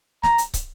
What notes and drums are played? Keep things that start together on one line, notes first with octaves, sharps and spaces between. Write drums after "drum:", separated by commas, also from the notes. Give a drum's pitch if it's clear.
A#5, drum: snare
drum: hi-hat
drum: kick, hi-hat